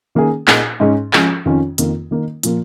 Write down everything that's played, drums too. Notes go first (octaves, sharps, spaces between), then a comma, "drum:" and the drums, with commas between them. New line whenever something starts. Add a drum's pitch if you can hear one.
D#3 A#3 C#4 G#4
A#2 A#3 D#4 G#4, drum: clap
G#2 G#3 C#4 G#4
F3 G#3 C#4 G#4, drum: clap
F2 D#3 C#4 F4
F2 D#3 A#3 F4, drum: hi-hat
D#3 A#3 D#4
A#2 F3 A#3, drum: hi-hat